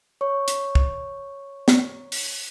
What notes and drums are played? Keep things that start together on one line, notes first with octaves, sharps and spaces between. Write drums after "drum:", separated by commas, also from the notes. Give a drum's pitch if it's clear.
C#5 C#6
drum: hi-hat
drum: kick
drum: snare
drum: open hi-hat